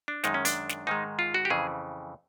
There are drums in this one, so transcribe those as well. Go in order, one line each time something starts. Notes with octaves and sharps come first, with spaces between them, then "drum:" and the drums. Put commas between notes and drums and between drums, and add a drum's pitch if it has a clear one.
D4
F#2 D#3 G#3 D#4, drum: snare
C#4
D4, drum: hi-hat
drum: snare
G#2 D#3 G#3 D#4
F4
F#4
G4
F2 C#3 E3 G#4